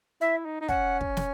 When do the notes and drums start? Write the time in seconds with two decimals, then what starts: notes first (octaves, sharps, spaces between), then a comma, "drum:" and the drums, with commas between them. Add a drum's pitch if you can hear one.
0.21 E4 E5
0.45 D#4
0.61 D#4
0.68 C#4 F#5, drum: kick
1.01 drum: kick
1.17 drum: snare